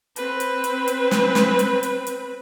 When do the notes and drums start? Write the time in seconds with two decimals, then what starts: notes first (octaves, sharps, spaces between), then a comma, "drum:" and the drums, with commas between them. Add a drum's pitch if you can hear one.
0.16 C4 B4, drum: hi-hat
0.40 drum: hi-hat
0.64 drum: hi-hat
0.88 drum: hi-hat
1.11 drum: snare
1.35 drum: snare
1.59 drum: hi-hat
1.83 drum: hi-hat
2.07 drum: hi-hat